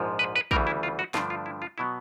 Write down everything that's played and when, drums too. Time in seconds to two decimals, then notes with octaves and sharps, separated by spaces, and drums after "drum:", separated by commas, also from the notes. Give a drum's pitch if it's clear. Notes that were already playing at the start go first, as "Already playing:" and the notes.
Already playing: A#1 G#2 F3
0.19 B4
0.36 B4
0.51 D2 C#3 E3 G3 A#4, drum: kick
0.67 E4
0.83 F4
0.99 F#4
1.14 G2 D3 F3 A3 D4 F4, drum: snare
1.30 F4
1.46 E4
1.62 F4
1.78 B2 F#3 B3 E4